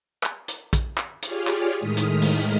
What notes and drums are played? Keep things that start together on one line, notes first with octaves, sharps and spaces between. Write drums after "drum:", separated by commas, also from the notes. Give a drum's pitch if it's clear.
drum: clap
drum: hi-hat
drum: kick, hi-hat
drum: clap
F4 G4 G#4 C#5 D5 F5, drum: hi-hat
drum: clap
A2 D#3 G#3 D#6 F6 B6
drum: hi-hat
drum: open hi-hat